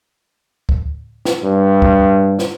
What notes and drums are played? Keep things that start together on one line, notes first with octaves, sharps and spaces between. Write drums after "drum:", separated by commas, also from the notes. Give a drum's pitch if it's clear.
drum: kick
drum: snare
G2
drum: kick
drum: snare